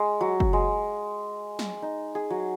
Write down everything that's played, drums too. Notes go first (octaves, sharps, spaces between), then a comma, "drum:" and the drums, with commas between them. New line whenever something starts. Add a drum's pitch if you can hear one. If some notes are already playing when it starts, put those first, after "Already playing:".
Already playing: G#3
F#3
drum: kick
G#3
drum: snare
D#4
G#4
F#3